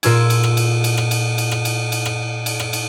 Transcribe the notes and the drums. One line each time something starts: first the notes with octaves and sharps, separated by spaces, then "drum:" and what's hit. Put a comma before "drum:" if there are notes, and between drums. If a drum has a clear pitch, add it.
A#2 F4 G#4 E6 G#6, drum: cymbal
drum: cymbal
drum: rim click
drum: cymbal
drum: cymbal
drum: rim click
drum: cymbal
drum: cymbal
drum: rim click
drum: cymbal
drum: cymbal
drum: rim click
drum: cymbal
drum: rim click
drum: cymbal